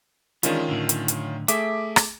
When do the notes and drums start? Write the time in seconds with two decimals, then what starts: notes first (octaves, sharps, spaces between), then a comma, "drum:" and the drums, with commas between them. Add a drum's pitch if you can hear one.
0.43 D#3 E3 G#3 C#4 D4 F4, drum: hi-hat
0.68 A2 D3
0.89 drum: hi-hat
1.08 drum: hi-hat
1.48 A3 G#4 E5 D6, drum: hi-hat
1.96 drum: rim click